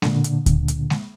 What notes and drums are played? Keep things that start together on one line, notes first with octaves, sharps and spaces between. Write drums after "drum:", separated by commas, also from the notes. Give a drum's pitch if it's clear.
A#2 D3, drum: snare G#3
drum: hi-hat
drum: kick D2, hi-hat
drum: hi-hat
drum: snare G#3